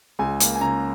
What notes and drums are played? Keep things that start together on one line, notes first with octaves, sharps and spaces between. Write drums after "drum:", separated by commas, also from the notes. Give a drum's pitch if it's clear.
C#2 G#5
A#3, drum: hi-hat
G#5
C#3 A#5